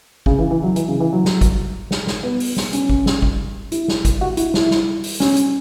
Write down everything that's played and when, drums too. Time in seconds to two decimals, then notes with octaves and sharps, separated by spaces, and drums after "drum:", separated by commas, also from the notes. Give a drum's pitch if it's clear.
0.26 C#3, drum: kick G#1
0.38 E3
0.51 E3
0.63 F#3
0.76 E3, drum: hi-hat
0.88 C#3
1.00 E3
1.12 F#3
1.25 drum: snare
1.41 drum: kick G#1, hi-hat
1.91 drum: snare
2.07 drum: snare
2.23 B3
2.40 drum: open hi-hat
2.57 drum: snare
2.73 C#4, drum: hi-hat
2.90 drum: kick G#1
3.06 drum: snare
3.22 drum: kick G#1
3.72 E4, drum: hi-hat
3.88 drum: snare
4.05 drum: kick G#1, hi-hat
4.21 F#4
4.37 E4, drum: hi-hat
4.54 E4, drum: snare
4.71 drum: snare
5.04 drum: open hi-hat
5.20 C#4, drum: snare
5.36 drum: hi-hat